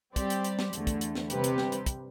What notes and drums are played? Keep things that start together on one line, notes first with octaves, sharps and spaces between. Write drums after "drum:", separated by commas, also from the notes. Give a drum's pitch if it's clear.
G3 C4 G4 D5, drum: kick, hi-hat
drum: hi-hat
drum: hi-hat
drum: snare
E2 D3 A3, drum: hi-hat
drum: kick, hi-hat
drum: hi-hat
drum: snare
C3 G3 C4 G4 B4, drum: hi-hat
drum: hi-hat
drum: snare
drum: hi-hat
drum: kick, hi-hat